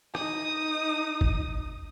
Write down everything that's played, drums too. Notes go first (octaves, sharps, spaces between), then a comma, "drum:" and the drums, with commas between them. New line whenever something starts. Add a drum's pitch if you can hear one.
D#4 D#6, drum: rim click
drum: kick